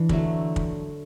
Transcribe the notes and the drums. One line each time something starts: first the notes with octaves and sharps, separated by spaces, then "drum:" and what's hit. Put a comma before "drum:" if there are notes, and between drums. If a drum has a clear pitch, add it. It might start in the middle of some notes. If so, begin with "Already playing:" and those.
Already playing: E3 D4
D3 F#3 A3, drum: kick
drum: kick